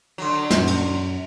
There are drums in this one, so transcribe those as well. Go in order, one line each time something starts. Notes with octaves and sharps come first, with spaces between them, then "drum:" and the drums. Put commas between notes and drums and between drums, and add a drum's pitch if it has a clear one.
D3 F#3
F#2, drum: snare
drum: cymbal